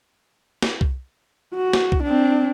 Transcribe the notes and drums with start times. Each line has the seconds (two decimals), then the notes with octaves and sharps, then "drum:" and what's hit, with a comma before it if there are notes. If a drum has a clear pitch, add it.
0.62 drum: snare
0.81 drum: kick C2
1.55 F#4
1.73 drum: snare
1.92 drum: kick C2
2.03 C4 D4